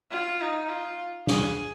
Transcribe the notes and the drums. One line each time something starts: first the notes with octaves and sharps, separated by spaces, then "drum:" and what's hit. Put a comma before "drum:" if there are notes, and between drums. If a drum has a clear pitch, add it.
F4
D#4
F4
G#4, drum: snare